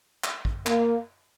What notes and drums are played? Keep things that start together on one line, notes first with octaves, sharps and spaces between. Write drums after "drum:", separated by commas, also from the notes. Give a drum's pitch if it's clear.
drum: clap
drum: kick
A#3, drum: clap